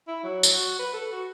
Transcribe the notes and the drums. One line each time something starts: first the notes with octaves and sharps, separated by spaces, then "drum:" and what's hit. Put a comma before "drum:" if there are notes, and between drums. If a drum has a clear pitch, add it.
E4
F#3
drum: tambourine
F#4
B4
A4
F#4